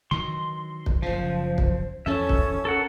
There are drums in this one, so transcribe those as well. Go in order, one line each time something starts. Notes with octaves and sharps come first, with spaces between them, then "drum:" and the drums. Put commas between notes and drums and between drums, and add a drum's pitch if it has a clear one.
D#3 E3 F#3 C6
drum: kick
F#1 C#3 F3 C5
drum: kick
E2 E3 F3 C#4 A4 E5
drum: kick
A4 A#4 F#5